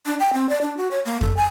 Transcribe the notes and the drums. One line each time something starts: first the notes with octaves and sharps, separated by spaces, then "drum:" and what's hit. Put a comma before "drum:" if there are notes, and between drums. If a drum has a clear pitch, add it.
D4
G5
C4
D5
D4
F#4
C#5
A#3
A4, drum: kick F2
G#5